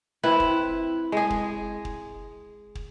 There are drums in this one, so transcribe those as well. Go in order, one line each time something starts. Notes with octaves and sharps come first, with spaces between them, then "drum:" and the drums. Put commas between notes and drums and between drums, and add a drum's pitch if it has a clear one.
C4 E4 B4
drum: kick
G#3 G#4
drum: kick
drum: kick
drum: kick